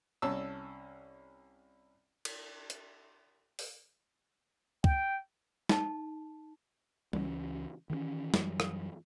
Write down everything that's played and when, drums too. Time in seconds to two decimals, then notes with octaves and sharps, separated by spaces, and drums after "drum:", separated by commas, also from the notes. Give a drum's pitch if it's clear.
0.22 C2 C#4 A5 E6
2.25 drum: cymbal
2.70 drum: hi-hat
3.59 drum: open hi-hat
4.84 G5, drum: kick
5.69 D#4 A5, drum: snare
7.13 C#2 E3 G#3 C#4, drum: tom G3
7.90 D#3 E3 G3 C#4
8.34 F#2 E3 F#3 G3, drum: snare
8.60 drum: rim click